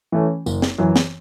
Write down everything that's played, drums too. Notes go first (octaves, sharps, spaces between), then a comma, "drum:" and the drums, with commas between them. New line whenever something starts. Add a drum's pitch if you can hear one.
E3 A3 C#4
F#1, drum: tambourine
drum: snare
F#2 E3
drum: snare